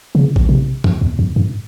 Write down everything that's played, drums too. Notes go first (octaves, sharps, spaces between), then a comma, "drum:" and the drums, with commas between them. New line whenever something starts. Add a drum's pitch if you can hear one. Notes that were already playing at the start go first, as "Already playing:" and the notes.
C#3
drum: kick A#1
C3
F2, drum: tom
E2
F2
G2